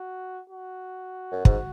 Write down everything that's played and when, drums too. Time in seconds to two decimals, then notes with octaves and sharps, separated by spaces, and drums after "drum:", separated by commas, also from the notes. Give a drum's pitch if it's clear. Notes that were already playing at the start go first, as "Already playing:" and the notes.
Already playing: F#4
0.50 F#4
1.32 F#2
1.45 G#2, drum: kick